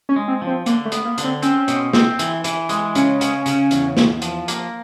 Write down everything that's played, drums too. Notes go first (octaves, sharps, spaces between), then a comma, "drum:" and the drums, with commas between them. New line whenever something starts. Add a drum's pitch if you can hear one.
C#4
G#3
C4
F3
C4
D3 A#3, drum: hi-hat
A3
B3, drum: hi-hat
A#3
D3, drum: hi-hat
C4
C4 C#4, drum: hi-hat
B2, drum: hi-hat
C4, drum: snare
E3, drum: hi-hat
E3, drum: hi-hat
G#3, drum: hi-hat
C#3 C#4, drum: hi-hat
C#3, drum: hi-hat
C#3, drum: hi-hat
E2, drum: hi-hat
E2, drum: snare
F3, drum: hi-hat
A#3, drum: hi-hat